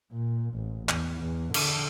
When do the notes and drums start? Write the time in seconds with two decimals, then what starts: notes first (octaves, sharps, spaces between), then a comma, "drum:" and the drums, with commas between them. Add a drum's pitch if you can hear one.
0.13 A#2
0.55 A1
0.89 E2, drum: clap
1.21 E2
1.54 D3, drum: cymbal